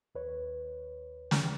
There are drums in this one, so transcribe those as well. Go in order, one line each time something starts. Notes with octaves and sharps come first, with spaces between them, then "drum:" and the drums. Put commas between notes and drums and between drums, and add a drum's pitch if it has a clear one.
D#2 B4 C#5
drum: snare